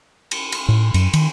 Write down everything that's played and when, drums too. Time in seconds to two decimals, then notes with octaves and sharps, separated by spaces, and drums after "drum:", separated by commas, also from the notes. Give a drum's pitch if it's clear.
0.31 drum: cymbal
0.52 drum: cymbal
0.68 A2
0.94 F#2, drum: cymbal
1.13 D#3, drum: cymbal